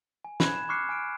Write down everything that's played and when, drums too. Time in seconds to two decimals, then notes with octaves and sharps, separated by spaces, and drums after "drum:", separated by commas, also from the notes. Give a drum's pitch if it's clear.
0.24 G#5
0.40 B5 F#6 G#6 E7, drum: snare
0.56 E7
0.69 C#6 D6 F6 F#6 C7 C#7
0.89 G#5 F6 D7